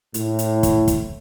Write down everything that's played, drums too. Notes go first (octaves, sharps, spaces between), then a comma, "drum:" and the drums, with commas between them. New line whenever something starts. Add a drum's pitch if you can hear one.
A2, drum: hi-hat
drum: hi-hat
drum: kick, hi-hat
drum: kick, hi-hat